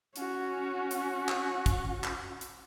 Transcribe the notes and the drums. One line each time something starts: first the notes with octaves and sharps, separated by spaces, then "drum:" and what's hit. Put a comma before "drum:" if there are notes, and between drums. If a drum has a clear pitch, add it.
C#4 F#4, drum: hi-hat
drum: hi-hat
drum: clap
drum: kick, hi-hat
drum: clap
drum: hi-hat